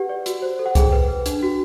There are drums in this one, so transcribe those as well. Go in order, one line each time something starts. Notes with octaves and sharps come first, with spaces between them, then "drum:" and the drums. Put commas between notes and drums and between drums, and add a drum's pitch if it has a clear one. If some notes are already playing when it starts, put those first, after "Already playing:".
Already playing: G4 B4 F#5
D5
F#4, drum: hi-hat
C5
A4
F#5
G#4 G5, drum: kick C2, hi-hat
B4
B4
D4, drum: hi-hat
F#4